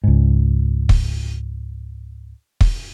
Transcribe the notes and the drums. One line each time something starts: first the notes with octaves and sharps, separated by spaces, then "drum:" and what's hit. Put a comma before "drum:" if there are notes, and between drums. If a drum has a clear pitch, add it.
C#2 G#2
drum: kick
drum: kick